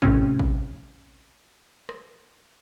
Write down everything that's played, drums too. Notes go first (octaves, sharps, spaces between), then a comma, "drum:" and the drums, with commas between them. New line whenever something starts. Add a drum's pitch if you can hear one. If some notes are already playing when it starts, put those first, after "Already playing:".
A2 C3 C4 C#4, drum: kick
drum: kick
drum: rim click